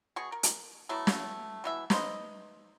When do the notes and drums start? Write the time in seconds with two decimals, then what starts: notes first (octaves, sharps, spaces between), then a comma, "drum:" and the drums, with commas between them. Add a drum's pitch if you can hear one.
0.16 B2 G#4 C#6
0.32 A#4
0.43 drum: hi-hat
0.89 F#3 A3 B3 E4
1.07 drum: snare
1.64 B2 E3 E5
1.90 D#4 B4 C5 D#5, drum: snare